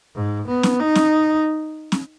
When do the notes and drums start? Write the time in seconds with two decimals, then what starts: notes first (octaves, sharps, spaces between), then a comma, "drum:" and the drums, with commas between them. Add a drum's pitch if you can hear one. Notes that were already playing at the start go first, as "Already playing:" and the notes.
0.15 G#2
0.48 B3
0.63 drum: snare
0.80 D#4
0.95 drum: snare
1.92 drum: snare